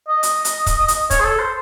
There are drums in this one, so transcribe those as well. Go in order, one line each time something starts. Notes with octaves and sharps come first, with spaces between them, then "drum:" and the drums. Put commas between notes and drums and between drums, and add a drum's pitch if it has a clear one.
D#5
drum: hi-hat
drum: hi-hat
drum: kick, hi-hat
drum: hi-hat
C#5, drum: kick, hi-hat
G#4
A4
C5